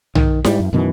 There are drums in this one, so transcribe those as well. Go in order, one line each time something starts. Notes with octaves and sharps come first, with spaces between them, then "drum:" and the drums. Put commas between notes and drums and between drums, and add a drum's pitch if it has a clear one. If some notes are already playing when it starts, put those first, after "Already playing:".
D#3, drum: tom B1
G#2 G3, drum: snare E4
F#2
F#2 B2 D#3 E3